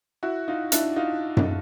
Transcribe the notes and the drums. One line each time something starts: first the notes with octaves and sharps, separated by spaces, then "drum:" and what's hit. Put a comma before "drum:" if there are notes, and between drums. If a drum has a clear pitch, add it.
E4 F#4
D#4 F4
D4 E4, drum: hi-hat
D#4 F4
drum: tom F#2